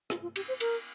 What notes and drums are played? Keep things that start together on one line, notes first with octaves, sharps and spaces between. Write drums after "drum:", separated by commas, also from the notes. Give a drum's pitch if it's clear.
F4, drum: rim click
F4
G4, drum: cymbal
C5
A#4, drum: cymbal